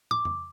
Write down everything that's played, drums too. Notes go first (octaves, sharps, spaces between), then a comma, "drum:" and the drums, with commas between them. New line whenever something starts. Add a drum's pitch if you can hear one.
D6, drum: tom
drum: tom F2